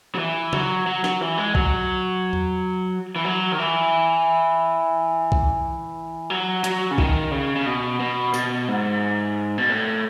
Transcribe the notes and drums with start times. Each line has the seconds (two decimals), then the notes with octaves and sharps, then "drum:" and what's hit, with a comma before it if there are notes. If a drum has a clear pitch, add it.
0.15 F#3
0.19 E3
0.53 F#3, drum: tom C#3
0.87 F#3
1.04 F#3, drum: snare
1.21 E3
1.38 G#3
1.55 F#3, drum: kick B1
2.33 drum: tom E2
3.16 E3
3.24 F#3
3.52 D#3
3.58 E3
5.32 drum: kick B1
6.30 F#3
6.64 F#3, drum: hi-hat
6.91 C#3
6.98 D#3, drum: kick B1
7.31 C#3
7.56 C#3
7.66 B2
8.00 B2
8.34 B2, drum: tambourine
8.68 G#2
9.58 B2
9.69 A2